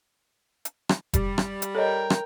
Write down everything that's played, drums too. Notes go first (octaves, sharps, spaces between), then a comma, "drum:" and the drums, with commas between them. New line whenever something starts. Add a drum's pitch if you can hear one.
drum: hi-hat
drum: rim click
G3, drum: kick F1, hi-hat
drum: rim click
drum: hi-hat
A4 A#4 C#5 D#5 G5
drum: rim click